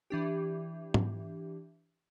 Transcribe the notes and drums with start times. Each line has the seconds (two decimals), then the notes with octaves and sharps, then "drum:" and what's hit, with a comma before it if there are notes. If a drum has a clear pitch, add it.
0.10 E3 D4 G4
0.94 drum: tom G#2